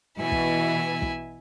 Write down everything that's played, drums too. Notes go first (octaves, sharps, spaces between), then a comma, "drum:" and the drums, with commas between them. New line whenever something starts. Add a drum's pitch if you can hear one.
B2 E3 E4 G#5
drum: kick
drum: kick